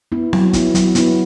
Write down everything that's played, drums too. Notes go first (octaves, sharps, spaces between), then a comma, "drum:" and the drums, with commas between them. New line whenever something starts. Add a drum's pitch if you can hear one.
B3 E4
F#3, drum: snare C4
B3 E4, drum: kick, hi-hat
F#3, drum: hi-hat
B3 E4, drum: hi-hat